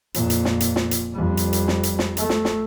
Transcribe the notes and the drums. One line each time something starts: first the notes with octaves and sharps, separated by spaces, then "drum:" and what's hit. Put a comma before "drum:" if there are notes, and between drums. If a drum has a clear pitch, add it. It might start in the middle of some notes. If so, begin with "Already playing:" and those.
F2 A#2, drum: hi-hat
drum: hi-hat
drum: snare
drum: hi-hat
drum: snare
drum: hi-hat
F2 G3
drum: hi-hat
drum: hi-hat
drum: snare
drum: hi-hat
drum: snare
A3, drum: hi-hat
drum: snare
drum: snare